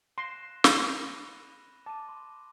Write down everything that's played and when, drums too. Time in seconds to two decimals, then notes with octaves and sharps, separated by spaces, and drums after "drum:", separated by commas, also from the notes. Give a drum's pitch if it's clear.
0.18 C6 F#6 A#6 E7
0.64 B5 F7 G7, drum: snare
1.09 D#7
1.86 A5 D6 D#7
2.09 C6